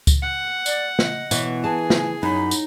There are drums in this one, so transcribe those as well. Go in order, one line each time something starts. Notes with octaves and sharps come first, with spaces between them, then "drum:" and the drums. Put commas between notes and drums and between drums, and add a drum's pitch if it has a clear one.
drum: kick C#2, tambourine
F#5
D5, drum: tambourine
D#5, drum: snare
B2 E3, drum: tambourine
G#4 G#5 A5
drum: snare
F#2 D#4 B5
drum: tambourine